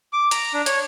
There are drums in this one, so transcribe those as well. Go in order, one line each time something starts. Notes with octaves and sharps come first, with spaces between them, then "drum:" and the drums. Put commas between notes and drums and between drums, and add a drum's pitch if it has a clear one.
D6
A#5, drum: hi-hat
D4
C#5, drum: hi-hat